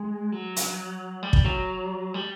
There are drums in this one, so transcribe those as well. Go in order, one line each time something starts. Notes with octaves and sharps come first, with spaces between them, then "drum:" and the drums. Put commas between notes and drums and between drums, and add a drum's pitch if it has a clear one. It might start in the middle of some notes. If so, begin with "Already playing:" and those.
Already playing: G#3
F#3
drum: hi-hat
G3
drum: kick
F#3
G3